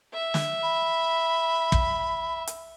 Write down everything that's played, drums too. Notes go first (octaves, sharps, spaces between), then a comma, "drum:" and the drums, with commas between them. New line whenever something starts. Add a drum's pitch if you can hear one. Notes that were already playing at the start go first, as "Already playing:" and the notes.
E5
drum: snare
B5
drum: kick
drum: hi-hat